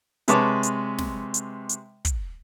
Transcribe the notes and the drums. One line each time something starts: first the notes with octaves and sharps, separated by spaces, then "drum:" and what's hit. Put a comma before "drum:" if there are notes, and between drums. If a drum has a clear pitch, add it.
C3 G#3 B4 C#5 A5 D6, drum: hi-hat
drum: hi-hat
drum: snare
drum: hi-hat
drum: hi-hat
drum: kick, hi-hat